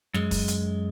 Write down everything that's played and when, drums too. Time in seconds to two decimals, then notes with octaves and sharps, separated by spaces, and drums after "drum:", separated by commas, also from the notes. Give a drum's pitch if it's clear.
0.14 F#2 G#3, drum: snare
0.31 drum: kick, open hi-hat
0.48 drum: hi-hat